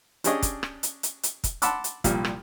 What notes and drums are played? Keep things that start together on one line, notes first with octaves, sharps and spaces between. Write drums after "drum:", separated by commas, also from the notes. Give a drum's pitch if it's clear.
C#4 D4 G4 G#4 C#5 D#5, drum: hi-hat
drum: kick, hi-hat
drum: rim click
drum: hi-hat
drum: hi-hat
drum: hi-hat
drum: kick, hi-hat
F#5 A5 B5 C6 D6 E6, drum: hi-hat
drum: hi-hat
C2 A#2 F3 G3, drum: kick, hi-hat
drum: rim click